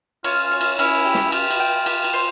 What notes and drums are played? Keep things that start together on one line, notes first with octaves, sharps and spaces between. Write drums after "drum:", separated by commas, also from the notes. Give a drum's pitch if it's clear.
C#4 F4, drum: cymbal
C#5
drum: cymbal
C#4 E4, drum: cymbal
G4
drum: snare
F4 G4, drum: cymbal
drum: cymbal
G5
G4, drum: cymbal
drum: cymbal
C5